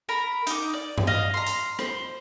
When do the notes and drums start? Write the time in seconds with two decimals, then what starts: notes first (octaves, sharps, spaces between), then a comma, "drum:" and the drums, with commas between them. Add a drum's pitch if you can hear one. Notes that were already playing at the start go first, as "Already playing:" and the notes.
0.09 A#4 A#5 B5
0.47 D#4 D6, drum: hi-hat
0.73 D5
0.98 drum: tom G2
1.07 D#5 F5
1.34 A#5 C6
1.46 drum: hi-hat
1.79 C5, drum: rim click